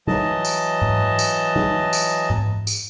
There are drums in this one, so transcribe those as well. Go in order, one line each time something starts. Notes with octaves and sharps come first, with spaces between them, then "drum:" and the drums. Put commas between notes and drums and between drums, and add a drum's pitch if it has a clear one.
E3 F#3 D#5 A5, drum: tom
drum: tambourine
drum: tom G#2
drum: tambourine
drum: tom
drum: tambourine
drum: tom G#2
drum: tambourine